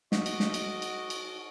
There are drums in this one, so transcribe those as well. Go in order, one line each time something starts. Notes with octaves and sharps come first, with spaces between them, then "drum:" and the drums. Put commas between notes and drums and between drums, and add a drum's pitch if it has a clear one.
F#4 D#5, drum: snare
drum: cymbal
drum: snare
drum: cymbal
drum: cymbal
drum: cymbal